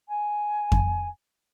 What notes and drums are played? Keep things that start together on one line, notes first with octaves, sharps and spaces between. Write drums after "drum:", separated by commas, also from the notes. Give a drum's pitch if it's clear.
G#5
drum: kick F2